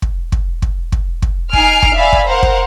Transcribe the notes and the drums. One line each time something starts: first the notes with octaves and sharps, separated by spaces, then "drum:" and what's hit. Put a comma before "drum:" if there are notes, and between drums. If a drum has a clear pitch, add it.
drum: kick
drum: kick
drum: kick
drum: kick
drum: kick
D#4 G#5 F6 C7 D7, drum: kick
drum: kick
D5 E5 F5 G#5 B5
drum: kick
A#4 C5 F5 F#5
drum: kick